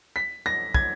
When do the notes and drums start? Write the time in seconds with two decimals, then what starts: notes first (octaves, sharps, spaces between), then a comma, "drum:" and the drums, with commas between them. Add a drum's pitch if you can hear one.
0.16 B6
0.46 A#6
0.74 G#6, drum: kick